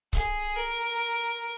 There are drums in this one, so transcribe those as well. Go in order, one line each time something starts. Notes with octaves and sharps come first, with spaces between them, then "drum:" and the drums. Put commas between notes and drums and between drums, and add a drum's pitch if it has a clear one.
G#4, drum: kick C#1
A#4